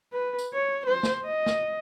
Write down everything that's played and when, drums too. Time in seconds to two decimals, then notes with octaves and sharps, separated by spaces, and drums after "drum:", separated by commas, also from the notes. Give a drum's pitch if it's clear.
0.12 B4
0.39 drum: tambourine
0.53 C#5
0.86 C5
1.03 drum: snare
1.25 D#5
1.46 drum: snare